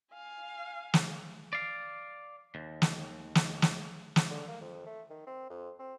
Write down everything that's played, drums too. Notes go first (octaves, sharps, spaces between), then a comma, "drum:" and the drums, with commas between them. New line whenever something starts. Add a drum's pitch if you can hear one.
F5 G#5
drum: snare
D5 F5
D#2
drum: snare
drum: snare
drum: snare
drum: snare
D3
A#3
F2
A3
D#3
C4
F2
C4